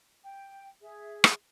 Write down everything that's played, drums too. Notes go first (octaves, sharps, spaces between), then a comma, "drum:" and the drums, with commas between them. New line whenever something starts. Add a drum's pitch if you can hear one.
G5
G#4 E5
drum: rim click